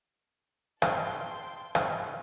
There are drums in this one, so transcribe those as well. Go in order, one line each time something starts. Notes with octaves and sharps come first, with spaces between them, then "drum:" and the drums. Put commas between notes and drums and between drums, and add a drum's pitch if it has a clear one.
G5 A5 C6 G6, drum: rim click
drum: rim click